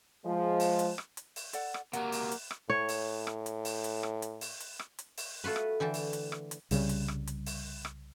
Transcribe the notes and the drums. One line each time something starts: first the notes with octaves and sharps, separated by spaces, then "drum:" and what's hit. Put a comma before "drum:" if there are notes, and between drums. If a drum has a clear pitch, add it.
F3 G#3
drum: open hi-hat
drum: hi-hat
drum: rim click
drum: hi-hat
drum: open hi-hat
A4 D5 F#5, drum: hi-hat
drum: rim click
C3 F#3 A#3 F#5, drum: hi-hat
drum: open hi-hat
drum: hi-hat
drum: rim click
A2 C#5
drum: open hi-hat
drum: rim click
drum: hi-hat
drum: open hi-hat
drum: hi-hat
drum: rim click
drum: hi-hat
drum: open hi-hat
drum: hi-hat
drum: rim click
drum: hi-hat
drum: open hi-hat
A3 F4 F#4 B4
drum: rim click
D3 E3 G5 A5
drum: open hi-hat
drum: hi-hat
drum: rim click
drum: hi-hat
C2 C#3 G3, drum: open hi-hat
drum: hi-hat
drum: rim click
drum: hi-hat
drum: open hi-hat
drum: rim click